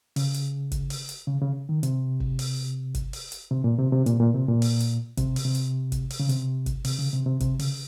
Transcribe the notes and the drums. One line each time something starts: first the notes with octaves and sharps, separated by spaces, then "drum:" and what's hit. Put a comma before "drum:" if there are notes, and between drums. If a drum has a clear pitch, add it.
C#3, drum: open hi-hat
drum: hi-hat
drum: kick, hi-hat
drum: open hi-hat
drum: hi-hat
C#3
C#3
D#3
C3, drum: hi-hat
drum: kick
drum: open hi-hat
drum: kick, hi-hat
drum: open hi-hat
drum: hi-hat
C3
A#2
C3
C3
A#2, drum: hi-hat
A#2
C3
A#2
drum: open hi-hat
drum: hi-hat
C3, drum: kick, hi-hat
drum: open hi-hat
C3
drum: hi-hat
drum: kick, hi-hat
drum: open hi-hat
C#3
C3, drum: hi-hat
drum: kick, hi-hat
C3, drum: open hi-hat
C#3
C3
C3
C3, drum: kick, hi-hat
C#3, drum: open hi-hat